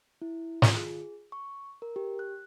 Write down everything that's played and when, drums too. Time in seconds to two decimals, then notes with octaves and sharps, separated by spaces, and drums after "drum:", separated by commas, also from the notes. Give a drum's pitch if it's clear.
0.22 E4
0.62 F4, drum: snare
0.77 G#4
1.32 C#6
1.82 A#4
1.96 G4
2.19 F#6